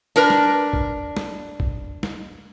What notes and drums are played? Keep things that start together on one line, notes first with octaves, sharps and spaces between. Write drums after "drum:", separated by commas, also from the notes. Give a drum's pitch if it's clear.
D4 A#4 B4
drum: snare
drum: kick A#1
drum: snare
drum: kick A#1
drum: snare